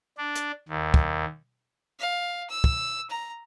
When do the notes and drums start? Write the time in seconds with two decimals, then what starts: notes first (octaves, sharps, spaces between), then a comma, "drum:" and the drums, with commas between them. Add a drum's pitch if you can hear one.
0.18 D4
0.35 drum: hi-hat
0.69 D#2
0.94 drum: kick
1.99 F5
2.49 E6
2.64 drum: kick
3.10 A#5